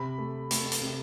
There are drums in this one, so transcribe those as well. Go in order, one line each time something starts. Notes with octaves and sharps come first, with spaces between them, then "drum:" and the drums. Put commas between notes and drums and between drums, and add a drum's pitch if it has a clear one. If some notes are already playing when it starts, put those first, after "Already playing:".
Already playing: C3 B5
A3
A3, drum: hi-hat
drum: hi-hat
C3